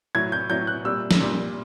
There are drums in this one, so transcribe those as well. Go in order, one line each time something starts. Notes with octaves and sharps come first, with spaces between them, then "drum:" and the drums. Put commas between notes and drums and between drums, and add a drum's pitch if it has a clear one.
A2 F#3 G#6
G6
A2 F#3 G6
F#6
A#2 G3 E6
drum: snare
A#2 G3